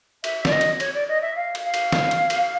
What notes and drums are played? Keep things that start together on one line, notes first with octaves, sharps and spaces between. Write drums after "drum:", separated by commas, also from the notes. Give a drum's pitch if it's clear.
E5, drum: cymbal
D5, drum: snare
D#5
drum: cymbal
C#5, drum: cymbal
D5
D#5
E5
F5
drum: cymbal
F5
drum: cymbal
drum: snare
drum: cymbal
drum: cymbal